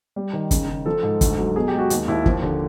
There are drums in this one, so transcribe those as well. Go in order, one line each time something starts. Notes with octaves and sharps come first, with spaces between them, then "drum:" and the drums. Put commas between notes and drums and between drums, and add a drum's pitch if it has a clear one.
G3
D#3
C#3, drum: kick, hi-hat
C#3
F3 A4
G#2
D2, drum: kick, hi-hat
F#3
B2 G#4
G4
G#3
F#4
D#2, drum: hi-hat
D#2 E4
F3, drum: kick
D3